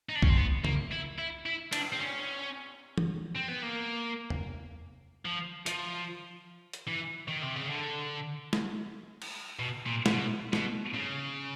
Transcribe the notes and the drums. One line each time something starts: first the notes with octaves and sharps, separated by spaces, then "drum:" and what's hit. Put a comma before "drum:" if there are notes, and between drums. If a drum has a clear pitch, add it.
D#4
D4
C#4, drum: kick B1
C4
B3
A#3, drum: tom C#3
E4
E4
E4
D4, drum: cymbal
C4
C#4
drum: tom E3
C4
B3
A#3
drum: tom
F3
F3, drum: hi-hat
drum: hi-hat
E3
D#3
C3
C#3
D3
drum: snare
drum: cymbal
B2
A#2
C3, drum: snare
B2
B2, drum: snare
C#3